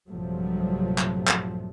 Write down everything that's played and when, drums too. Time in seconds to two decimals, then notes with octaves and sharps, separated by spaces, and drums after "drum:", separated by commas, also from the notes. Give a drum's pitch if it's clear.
0.10 A#1 G2 C3 F3 F#3 A3
0.98 drum: clap
1.27 drum: clap